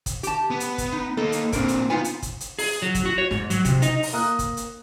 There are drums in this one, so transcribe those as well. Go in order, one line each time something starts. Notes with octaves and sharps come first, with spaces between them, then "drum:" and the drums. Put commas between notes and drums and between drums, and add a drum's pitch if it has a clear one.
drum: kick, hi-hat
G4 A5, drum: hi-hat
B3
drum: hi-hat
drum: kick, hi-hat
D#4
A#3 D#4 A4
drum: hi-hat
A#2 C4 D4 A#4, drum: kick, hi-hat
drum: hi-hat
B3 D#4 F4 G#5
drum: hi-hat
drum: kick, hi-hat
drum: hi-hat
G#4, drum: open hi-hat
F#3
drum: kick, hi-hat
F#4
C#5
G#2, drum: snare
F#3, drum: hi-hat
C3, drum: kick, hi-hat
D#4, drum: hi-hat
drum: open hi-hat
A#3 A#5 D#6 F#6
drum: kick, hi-hat
drum: hi-hat